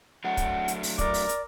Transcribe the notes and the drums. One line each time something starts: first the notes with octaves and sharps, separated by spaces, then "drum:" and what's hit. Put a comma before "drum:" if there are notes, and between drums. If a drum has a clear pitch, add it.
F#3 A3 D4 F#5
drum: kick, hi-hat
drum: hi-hat
drum: open hi-hat
A#4 D5 D6, drum: kick, hi-hat
drum: open hi-hat
drum: hi-hat